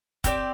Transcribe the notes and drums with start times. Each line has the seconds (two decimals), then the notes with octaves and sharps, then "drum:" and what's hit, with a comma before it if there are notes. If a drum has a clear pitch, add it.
0.24 C4 G4 D5, drum: kick, hi-hat